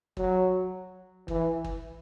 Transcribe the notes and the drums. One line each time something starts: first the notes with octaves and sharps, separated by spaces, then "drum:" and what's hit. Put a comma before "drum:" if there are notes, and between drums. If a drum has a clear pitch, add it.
F#3, drum: kick
E3, drum: kick
drum: kick